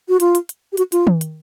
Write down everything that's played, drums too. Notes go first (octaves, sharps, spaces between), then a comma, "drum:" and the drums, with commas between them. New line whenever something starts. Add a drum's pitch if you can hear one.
F#4
F4, drum: hi-hat
drum: hi-hat
drum: hi-hat
G4
F#4, drum: hi-hat
F4, drum: hi-hat
drum: tom D#3
drum: hi-hat